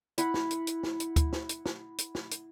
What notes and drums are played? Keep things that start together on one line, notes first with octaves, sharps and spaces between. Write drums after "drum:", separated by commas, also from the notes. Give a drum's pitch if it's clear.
E4 F#5 B5, drum: hi-hat
drum: snare
drum: hi-hat
drum: hi-hat
drum: snare
drum: hi-hat
drum: kick D2, hi-hat
drum: snare
drum: hi-hat
drum: snare
drum: hi-hat
drum: snare
drum: hi-hat